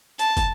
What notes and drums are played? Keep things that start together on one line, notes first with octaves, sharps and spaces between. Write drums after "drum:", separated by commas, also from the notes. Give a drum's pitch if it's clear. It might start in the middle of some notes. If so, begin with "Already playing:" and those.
A5, drum: hi-hat
drum: kick, hi-hat